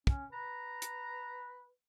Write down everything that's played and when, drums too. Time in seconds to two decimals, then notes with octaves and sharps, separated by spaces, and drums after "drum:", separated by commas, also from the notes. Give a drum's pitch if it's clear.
0.07 C#4, drum: kick
0.33 B4 A#5
0.82 drum: hi-hat